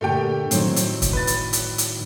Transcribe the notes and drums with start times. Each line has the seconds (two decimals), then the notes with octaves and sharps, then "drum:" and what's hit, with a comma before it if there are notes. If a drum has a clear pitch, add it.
0.01 A#2 D3 A3 G4 G5
0.51 A2 D#3 F#3 C4, drum: hi-hat
0.76 drum: hi-hat
1.02 drum: kick, hi-hat
1.13 B4 A6
1.27 drum: hi-hat
1.53 drum: hi-hat
1.78 drum: hi-hat